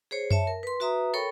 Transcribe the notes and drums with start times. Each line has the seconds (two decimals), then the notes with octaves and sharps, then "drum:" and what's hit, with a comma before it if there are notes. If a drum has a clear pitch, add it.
0.11 G#4 C5 C#5
0.31 C#5 E5 A5, drum: tom F#2
0.47 A#4
0.63 B4 C6
0.80 F#4 B4 E5 A#5 D#6
1.14 A4 A#4 C#5 G5 B5 C#6